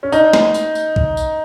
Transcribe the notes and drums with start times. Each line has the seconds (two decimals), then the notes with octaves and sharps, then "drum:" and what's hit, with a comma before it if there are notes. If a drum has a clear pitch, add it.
0.03 C#4
0.12 D#4, drum: tambourine
0.33 drum: snare
0.54 drum: tambourine
0.75 drum: tambourine
0.96 drum: kick B1
1.17 drum: tambourine